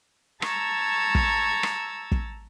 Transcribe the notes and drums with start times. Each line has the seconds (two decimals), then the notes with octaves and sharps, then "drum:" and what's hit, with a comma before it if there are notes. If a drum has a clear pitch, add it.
0.42 A5 A#5 C#6 E6 G#6, drum: rim click
1.15 drum: kick
1.63 drum: rim click
2.12 drum: kick